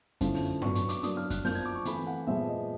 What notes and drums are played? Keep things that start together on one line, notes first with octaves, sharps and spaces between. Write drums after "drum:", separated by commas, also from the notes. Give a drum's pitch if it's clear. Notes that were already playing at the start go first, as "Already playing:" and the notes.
D3 F3 A3 C#4 E4, drum: kick F#2, hi-hat
drum: open hi-hat
F#3 B3 D4 C#6, drum: tom G2
C#6, drum: hi-hat
D6, drum: hi-hat
F#3 A#3 D4 D#6, drum: hi-hat
F6
F#6, drum: kick F#2, hi-hat
F3 A#3 D4 G6, drum: open hi-hat
G#6
D6
C#6
E3 A3 C4 E4 B5, drum: hi-hat
F#5
A#2 F3 G#3 B3 E5
D#5